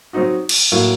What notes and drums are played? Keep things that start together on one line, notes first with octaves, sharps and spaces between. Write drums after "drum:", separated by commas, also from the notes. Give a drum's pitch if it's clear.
F#3 C4 D#4 F#4
drum: cymbal
A2 F#3 A#3